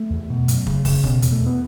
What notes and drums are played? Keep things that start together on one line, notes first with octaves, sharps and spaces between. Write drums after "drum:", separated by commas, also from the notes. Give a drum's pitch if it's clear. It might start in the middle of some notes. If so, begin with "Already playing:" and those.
Already playing: A3
E2
B2
F#2, drum: hi-hat
C#3, drum: kick
C#3, drum: kick, open hi-hat
B2 C#4, drum: kick
E2, drum: hi-hat
A3
E2
B3